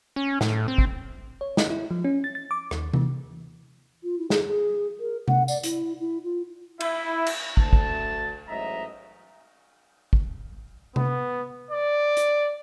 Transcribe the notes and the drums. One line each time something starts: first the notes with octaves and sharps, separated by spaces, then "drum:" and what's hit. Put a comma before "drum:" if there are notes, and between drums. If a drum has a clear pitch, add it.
C#4
A2, drum: snare
C4
drum: kick
C#5
D#5, drum: snare
E4
F3
C#4
A6
A6
D6
D#2, drum: rim click
E3, drum: tom C3
F4
E4
G#4, drum: snare
G#4
A#4
F#5, drum: tom C3
D5, drum: tambourine
E4, drum: hi-hat
E4
F4
E4, drum: cymbal
drum: cymbal
D2 A5, drum: kick
drum: kick
A1 G#2 F#3 D#5 E5 A#5
drum: kick
B3, drum: tom C3
D5
drum: hi-hat